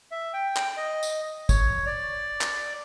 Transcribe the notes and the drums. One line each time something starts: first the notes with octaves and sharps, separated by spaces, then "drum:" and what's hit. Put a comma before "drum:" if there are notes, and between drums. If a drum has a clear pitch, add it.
E5
G5
drum: clap
D#5
drum: tambourine
C#5, drum: kick, tambourine
D5
drum: clap